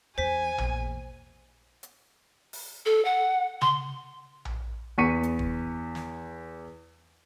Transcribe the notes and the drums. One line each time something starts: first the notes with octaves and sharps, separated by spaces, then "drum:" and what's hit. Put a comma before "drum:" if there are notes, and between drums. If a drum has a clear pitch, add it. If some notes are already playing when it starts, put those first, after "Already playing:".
E2 C5 G#5 B6
A#1 E2, drum: tom A#1
drum: hi-hat
drum: open hi-hat
A4
F#5
C6, drum: tom C#3
drum: tom A#1
E2 C#6 B6 C#7 D#7
drum: hi-hat
drum: kick
drum: snare